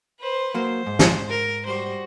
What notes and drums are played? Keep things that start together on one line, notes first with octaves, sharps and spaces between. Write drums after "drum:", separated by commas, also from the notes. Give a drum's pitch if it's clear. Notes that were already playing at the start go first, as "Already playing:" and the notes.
B4 C5
F#3 A#3 C5
G#2
drum: snare
A#4
G3 F#4 C5